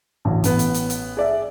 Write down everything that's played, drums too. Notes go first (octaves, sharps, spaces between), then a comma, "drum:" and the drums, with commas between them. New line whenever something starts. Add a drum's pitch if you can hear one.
A1 D2
A1 B3, drum: hi-hat
drum: hi-hat
drum: hi-hat
drum: hi-hat
G#4 D5 E5